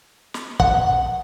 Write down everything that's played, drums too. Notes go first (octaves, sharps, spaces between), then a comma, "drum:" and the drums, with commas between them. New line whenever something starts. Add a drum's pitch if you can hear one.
drum: snare
F#5, drum: kick